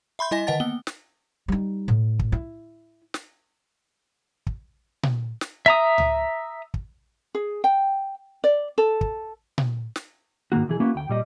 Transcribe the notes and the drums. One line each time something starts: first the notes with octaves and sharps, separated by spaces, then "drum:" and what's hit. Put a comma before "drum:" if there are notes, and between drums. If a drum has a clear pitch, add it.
E5 B5 C6 G6
G3 E4 D#5 G#5 A#6
D3 D#3 D#5 F#5 A5 A6
A#3 B3 G7
drum: snare
G3 D#4
A2
drum: kick
E4
drum: snare
drum: kick
drum: tom A#2
drum: snare
E5 A#5 D#6
drum: tom C#2
drum: kick
G#4
G5
D5
A4
drum: kick
drum: tom A#2
drum: snare
G#2 D#3 A#3 F#4
B1 E3 G#4
A#3 B3 C#4 E4 F#4
D2 G5
A#2 G3 D#5